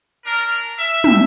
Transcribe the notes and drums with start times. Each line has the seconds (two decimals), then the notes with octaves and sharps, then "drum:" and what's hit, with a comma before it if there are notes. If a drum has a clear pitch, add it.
0.25 D4 A#4
0.79 E5
1.04 drum: tom